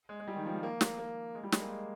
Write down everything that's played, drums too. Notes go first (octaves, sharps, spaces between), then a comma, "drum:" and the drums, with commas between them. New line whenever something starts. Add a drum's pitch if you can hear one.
G#3
G#3
G3
D#3
F3
G3
A#3
drum: snare
A#3
G#3
G3
G#3, drum: snare
A#3
G#3